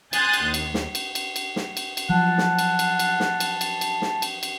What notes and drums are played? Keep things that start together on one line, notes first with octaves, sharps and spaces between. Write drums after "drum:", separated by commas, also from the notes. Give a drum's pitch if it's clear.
G#5 C6 D#6 F#6 G6 A6, drum: cymbal
drum: cymbal
D#2
drum: cymbal
drum: snare
drum: cymbal
drum: cymbal
drum: cymbal
drum: snare
drum: cymbal
drum: cymbal
F3 F#3 F#5 A5
drum: snare
drum: cymbal
drum: cymbal
drum: cymbal
drum: snare
drum: cymbal
drum: cymbal
drum: cymbal
drum: snare
drum: cymbal
drum: cymbal